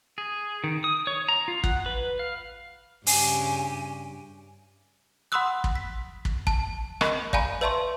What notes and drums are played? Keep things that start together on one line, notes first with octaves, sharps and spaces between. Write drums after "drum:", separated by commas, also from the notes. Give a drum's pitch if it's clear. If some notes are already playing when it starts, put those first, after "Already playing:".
G#4
D#3
D#6
C#5
A#5
F4
F#5, drum: kick
B4
F5
G2 C#3 G4 G#5, drum: open hi-hat
F#5 B5 C6 D#6 E6 F#6
drum: kick
B6
drum: kick
A5, drum: kick
A#4 D#5 B5 C#6 F#6, drum: rim click
D5 F5 G#5 A#5 B5, drum: kick
B4 D5 E5 A5 C6 C#6